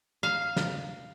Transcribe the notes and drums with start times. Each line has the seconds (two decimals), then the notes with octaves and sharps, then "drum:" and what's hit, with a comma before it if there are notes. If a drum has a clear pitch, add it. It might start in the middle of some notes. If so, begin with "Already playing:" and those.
0.23 F5
0.56 drum: snare